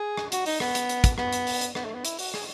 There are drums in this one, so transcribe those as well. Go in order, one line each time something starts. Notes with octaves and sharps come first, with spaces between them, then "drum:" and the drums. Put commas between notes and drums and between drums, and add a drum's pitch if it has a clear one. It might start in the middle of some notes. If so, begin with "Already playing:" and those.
Already playing: G#4
drum: rim click
F#4, drum: hi-hat
D#4, drum: open hi-hat
B3, drum: rim click
drum: hi-hat
drum: hi-hat
drum: kick, hi-hat
B3, drum: rim click
drum: hi-hat
drum: open hi-hat
drum: hi-hat
B3, drum: rim click
A3
B3
E4, drum: hi-hat
F#4, drum: open hi-hat
G#4, drum: rim click